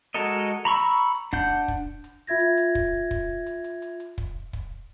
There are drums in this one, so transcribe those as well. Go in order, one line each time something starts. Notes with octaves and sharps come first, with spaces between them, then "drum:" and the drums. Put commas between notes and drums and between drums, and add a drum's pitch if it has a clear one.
G#3 F#4 A4 A#4 D#5
A#5 B5 C#6 E6
drum: hi-hat
drum: hi-hat
drum: hi-hat
D4 F#5 G6, drum: kick, hi-hat
drum: kick, hi-hat
drum: hi-hat
F4 E5 G#6 A#6
drum: hi-hat
drum: hi-hat
drum: kick, hi-hat
drum: kick, hi-hat
drum: hi-hat
drum: hi-hat
drum: hi-hat
drum: hi-hat
drum: kick, hi-hat
drum: kick, hi-hat